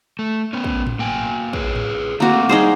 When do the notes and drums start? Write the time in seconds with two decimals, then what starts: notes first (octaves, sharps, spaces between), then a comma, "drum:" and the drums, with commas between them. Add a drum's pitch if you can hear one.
0.19 A3
0.53 B3 C#4
0.64 drum: kick
0.87 drum: tom A2
0.99 A#3 G5 G#5
1.53 G#4 B4 C#5, drum: kick
1.75 drum: tom A2
2.20 A3 A#3 C4 E4 F#4
2.49 G3 D#4 G#4 C5